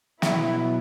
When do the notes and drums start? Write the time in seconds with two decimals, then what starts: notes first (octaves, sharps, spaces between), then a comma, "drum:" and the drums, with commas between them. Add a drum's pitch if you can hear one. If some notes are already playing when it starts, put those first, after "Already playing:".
0.22 B2 F#3 B3 E4, drum: snare